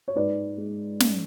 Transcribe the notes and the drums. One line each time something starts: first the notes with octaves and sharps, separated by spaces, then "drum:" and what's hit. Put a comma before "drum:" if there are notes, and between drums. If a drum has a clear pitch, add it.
C#5
G#2 B4 D5
G#3
C#4, drum: snare